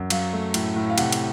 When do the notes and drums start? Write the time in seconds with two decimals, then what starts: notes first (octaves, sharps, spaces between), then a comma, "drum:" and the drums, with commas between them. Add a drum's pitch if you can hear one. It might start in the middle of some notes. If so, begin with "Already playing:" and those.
Already playing: F#2
0.10 F#3 F5, drum: cymbal
0.33 A3
0.54 A2, drum: cymbal
0.76 A2
0.90 F5
0.98 C3 F#5, drum: cymbal
1.12 drum: cymbal